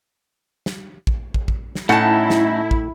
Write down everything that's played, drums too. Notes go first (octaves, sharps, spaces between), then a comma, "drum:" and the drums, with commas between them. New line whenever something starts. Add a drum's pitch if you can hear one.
drum: snare
drum: kick
drum: kick
drum: kick
drum: snare
A2 A3 C#4 D#4 E4 F#5 A5
drum: snare
drum: kick